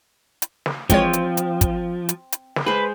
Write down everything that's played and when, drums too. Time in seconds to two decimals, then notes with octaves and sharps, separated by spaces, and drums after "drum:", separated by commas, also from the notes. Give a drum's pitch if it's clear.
0.42 drum: hi-hat
0.66 drum: snare
0.90 E3 F3 G#3 C4 C#5, drum: kick, hi-hat
1.13 drum: hi-hat
1.37 drum: hi-hat
1.61 drum: kick, hi-hat
2.09 drum: hi-hat
2.32 drum: hi-hat
2.56 drum: snare
2.66 G#3 B4 C5